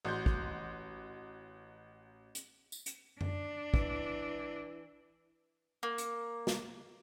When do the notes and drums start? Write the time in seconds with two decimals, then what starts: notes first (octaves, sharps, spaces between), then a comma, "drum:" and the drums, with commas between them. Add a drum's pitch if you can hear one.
0.05 A1 F#4 C6 G6
0.26 drum: kick
2.35 drum: hi-hat
2.72 drum: tambourine
2.86 drum: hi-hat
3.21 D4, drum: tom F#2
3.74 E3, drum: kick
5.83 A#3
5.98 drum: hi-hat
6.47 drum: snare